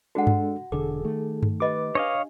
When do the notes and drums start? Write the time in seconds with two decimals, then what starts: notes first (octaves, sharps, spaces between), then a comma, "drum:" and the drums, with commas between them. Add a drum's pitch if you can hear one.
0.15 G#3 D4 F#4 A4 F#5
0.27 drum: tom G2
0.72 E1 D3 G#4 A4 D6
1.04 D#3 A3
1.43 drum: tom G2
1.60 G4 B4 D#5 D6
1.95 D4 C#5 D#5 F5